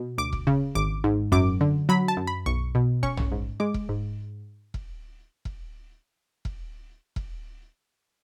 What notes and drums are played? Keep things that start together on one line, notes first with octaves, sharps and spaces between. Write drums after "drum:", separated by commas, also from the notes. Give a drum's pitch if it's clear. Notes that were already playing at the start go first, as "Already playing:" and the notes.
Already playing: B2
D2 D6
drum: kick E1
C#3
G#1 D6
G#2
F#2 D6, drum: kick E1
D3
F#3 B5
A5
F#2
B5
B1 C#6
B2
C#4 C#6, drum: kick E1
drum: tom A#1
G#2
G#3 D6
drum: kick E1
G#2
drum: kick E1
drum: kick E1
drum: kick E1
drum: kick E1